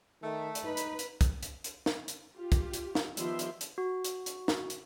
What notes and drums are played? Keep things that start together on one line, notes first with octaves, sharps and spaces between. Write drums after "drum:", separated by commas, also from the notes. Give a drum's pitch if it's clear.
D#3 A3
drum: hi-hat
D#4 B4
drum: hi-hat
drum: hi-hat
drum: kick, hi-hat
drum: hi-hat
drum: hi-hat
drum: snare
drum: hi-hat
F4 G4
drum: kick, hi-hat
drum: hi-hat
drum: snare
D#3 F3 B3 G4 E5 C6, drum: hi-hat
drum: hi-hat
drum: hi-hat
F#4
drum: hi-hat
drum: hi-hat
drum: snare
drum: hi-hat